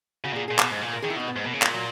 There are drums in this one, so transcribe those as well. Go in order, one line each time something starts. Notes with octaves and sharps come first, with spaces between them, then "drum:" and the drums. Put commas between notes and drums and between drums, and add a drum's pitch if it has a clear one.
C#3 F#4
A#2 G#4
A#2 G#4
B2, drum: clap
G#2
A#2
A#4
D#3 G#4
E4
B2 D#4
B3
G#2
B2 A#3
C#3
A#2 G#3, drum: clap
F#3